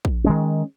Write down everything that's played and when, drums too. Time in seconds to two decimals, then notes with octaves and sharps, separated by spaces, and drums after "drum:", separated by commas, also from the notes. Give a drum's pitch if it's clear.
0.05 drum: kick
0.24 D#3 G#3 C#4